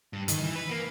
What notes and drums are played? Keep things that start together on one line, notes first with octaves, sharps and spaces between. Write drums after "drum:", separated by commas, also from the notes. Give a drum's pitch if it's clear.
G2
D#3, drum: hi-hat
E3
B4
A#3